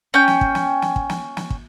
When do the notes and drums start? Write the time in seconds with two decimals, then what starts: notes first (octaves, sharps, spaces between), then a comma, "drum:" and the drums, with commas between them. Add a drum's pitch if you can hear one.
0.14 C#4 G5
0.28 drum: snare
0.41 drum: kick
0.55 drum: snare
0.82 drum: snare
0.96 drum: kick
1.09 drum: snare
1.37 drum: snare
1.50 drum: kick